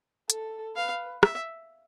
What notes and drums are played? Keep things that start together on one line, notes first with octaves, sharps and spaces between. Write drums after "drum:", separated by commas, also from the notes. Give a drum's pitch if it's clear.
A4, drum: hi-hat
B4 F5
E5, drum: rim click